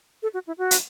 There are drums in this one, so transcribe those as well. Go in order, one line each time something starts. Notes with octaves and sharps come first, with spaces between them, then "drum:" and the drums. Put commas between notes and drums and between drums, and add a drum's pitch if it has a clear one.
A4
F#4
E4
F#4
drum: hi-hat